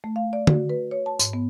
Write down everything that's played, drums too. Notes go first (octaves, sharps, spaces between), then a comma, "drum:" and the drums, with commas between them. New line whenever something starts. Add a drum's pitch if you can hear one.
A3
F5
D5
F#4, drum: tom
B4
C#5
A5
G#2, drum: tambourine
B3